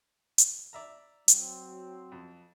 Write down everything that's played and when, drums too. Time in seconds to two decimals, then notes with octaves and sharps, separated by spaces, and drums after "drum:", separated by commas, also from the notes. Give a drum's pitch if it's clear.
0.38 drum: hi-hat
0.73 D5 E5 A#5
1.28 F#3 C4, drum: hi-hat
2.12 F2